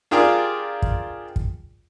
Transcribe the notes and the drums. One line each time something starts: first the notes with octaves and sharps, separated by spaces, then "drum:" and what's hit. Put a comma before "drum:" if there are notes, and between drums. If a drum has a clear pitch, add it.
D4 F4 G4 G#4 A#4 D5
drum: kick
drum: kick